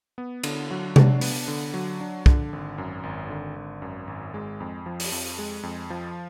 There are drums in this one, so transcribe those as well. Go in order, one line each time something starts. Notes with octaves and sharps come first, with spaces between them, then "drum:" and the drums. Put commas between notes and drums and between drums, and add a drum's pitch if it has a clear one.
B3
D3, drum: cymbal
F#3
D4, drum: tom C3
B3, drum: open hi-hat
D3
F#3
D4
D3, drum: kick
G#1
F#2
G#1
D3
G#1
F#2
G#1
G#3
F2
F3
drum: open hi-hat
F2
G#3
F2
F3